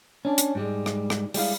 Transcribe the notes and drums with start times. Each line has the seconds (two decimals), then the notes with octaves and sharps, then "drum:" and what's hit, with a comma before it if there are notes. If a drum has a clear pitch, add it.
0.25 C#4 D4
0.38 drum: hi-hat
0.55 G#2 G3 G#3
0.86 drum: rim click
1.10 drum: rim click
1.34 G3 G#3 E4 F5, drum: open hi-hat